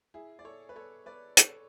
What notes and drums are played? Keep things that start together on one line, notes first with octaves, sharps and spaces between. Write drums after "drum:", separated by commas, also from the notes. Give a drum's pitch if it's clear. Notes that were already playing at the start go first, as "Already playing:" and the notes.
E4 G#4
D5
A4 C#5
B4
A4 C#5
B4 D5
A4 C#5, drum: hi-hat